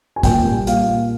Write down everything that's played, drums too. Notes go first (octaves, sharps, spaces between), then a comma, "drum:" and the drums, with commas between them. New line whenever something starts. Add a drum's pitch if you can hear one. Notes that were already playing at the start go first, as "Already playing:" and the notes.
G#5
A#2 G5, drum: kick, hi-hat
G3
A#2 F5, drum: hi-hat
A#2